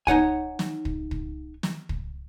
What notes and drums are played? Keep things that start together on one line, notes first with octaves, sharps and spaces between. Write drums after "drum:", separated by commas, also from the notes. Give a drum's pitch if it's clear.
D#4 C#5 F#5 G#5, drum: kick
drum: snare
drum: kick
drum: kick
drum: snare
drum: kick